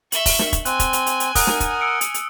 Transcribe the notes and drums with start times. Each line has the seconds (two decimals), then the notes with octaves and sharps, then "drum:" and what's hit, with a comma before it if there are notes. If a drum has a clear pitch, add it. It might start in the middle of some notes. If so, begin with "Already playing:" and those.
0.12 E5 C#6 F#7 G7, drum: hi-hat
0.26 drum: kick, open hi-hat
0.39 drum: snare
0.53 drum: kick, hi-hat
0.65 C4 G#5 F#6, drum: hi-hat
0.80 drum: kick, hi-hat
0.93 drum: hi-hat
1.06 drum: hi-hat
1.20 drum: hi-hat
1.35 A#4 F#5 D#6, drum: kick, open hi-hat
1.47 drum: snare
1.60 drum: kick, hi-hat
1.81 E6 C#7 D7
2.01 drum: hi-hat
2.14 drum: hi-hat